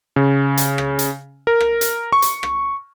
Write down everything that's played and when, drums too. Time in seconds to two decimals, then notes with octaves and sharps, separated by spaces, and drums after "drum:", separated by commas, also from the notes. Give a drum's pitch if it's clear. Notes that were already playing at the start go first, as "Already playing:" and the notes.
0.16 C#3
0.57 drum: hi-hat
0.78 drum: rim click
0.99 drum: hi-hat
1.47 A#4
1.60 drum: rim click
1.81 drum: hi-hat
2.13 C#6
2.22 drum: hi-hat
2.43 drum: rim click